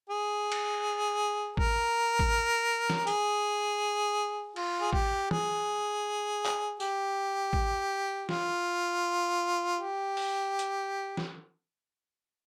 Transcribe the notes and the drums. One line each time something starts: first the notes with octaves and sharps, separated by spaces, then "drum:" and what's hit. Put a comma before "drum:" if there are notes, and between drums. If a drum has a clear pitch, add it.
G#4
drum: cymbal
A#4, drum: kick A1
drum: kick A1
drum: snare
G#4, drum: hi-hat
F4, drum: cymbal
G#4
G4, drum: kick A1
G#4, drum: tom
drum: clap
G4, drum: tambourine
drum: kick A1
F4, drum: snare
G4
drum: open hi-hat
drum: hi-hat
drum: snare